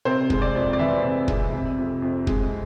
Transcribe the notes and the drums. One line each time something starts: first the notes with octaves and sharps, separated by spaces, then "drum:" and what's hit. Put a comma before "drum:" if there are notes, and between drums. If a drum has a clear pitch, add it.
C3 C5
G#3, drum: kick
D5
F2
D5
E3 E5
C3
G#3, drum: kick
C3
F2
F2
G#3, drum: kick